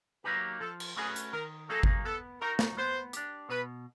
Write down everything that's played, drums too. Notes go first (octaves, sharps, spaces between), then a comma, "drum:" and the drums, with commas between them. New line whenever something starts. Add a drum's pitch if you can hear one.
F#3 A#3 D#4 G4 B4
F3 A4
drum: cymbal
A3 C#4 F#4 G#4 B4
drum: hi-hat
D#3 A#4
F#3 A#3 D#4 G#4 A4
drum: kick G1
B3 A4
D#4 F#4 A#4
drum: snare
B3 C5
D4 G4, drum: hi-hat
B2 B4